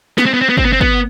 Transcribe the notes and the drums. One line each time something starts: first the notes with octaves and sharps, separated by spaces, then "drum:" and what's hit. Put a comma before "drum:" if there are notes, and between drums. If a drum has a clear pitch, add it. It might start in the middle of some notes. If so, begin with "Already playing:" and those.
B3, drum: snare
C4
B3
C4
B3
C4, drum: kick G1
B3
C4
B3, drum: kick G1